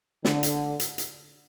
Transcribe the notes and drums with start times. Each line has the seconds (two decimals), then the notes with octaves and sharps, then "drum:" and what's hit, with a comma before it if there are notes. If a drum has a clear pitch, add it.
0.25 D3, drum: snare
0.43 drum: hi-hat
0.80 drum: hi-hat
0.98 drum: hi-hat